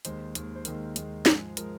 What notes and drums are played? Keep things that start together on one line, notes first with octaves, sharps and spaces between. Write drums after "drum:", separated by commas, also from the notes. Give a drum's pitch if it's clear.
D#2 D#3 G#3 C5, drum: hi-hat
D#2 D#3 G#3, drum: hi-hat
C5
D#2 D#3 G#3 A#4, drum: hi-hat
D#2 D#3 G#3, drum: hi-hat
G#2 F3 G#3 G#4, drum: snare
F3 G#3 A#4, drum: hi-hat